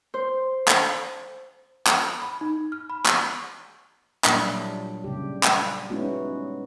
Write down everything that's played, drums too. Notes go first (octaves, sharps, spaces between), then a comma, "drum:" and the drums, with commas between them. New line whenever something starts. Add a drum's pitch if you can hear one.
C5
drum: clap
drum: clap
B5
D#4
F6
B5
drum: clap
A#2 F#3 G3 A#3 D4 E4, drum: clap
C#3 G3 G4
drum: clap
G#3 B3 C#4 D#4 E4 F#4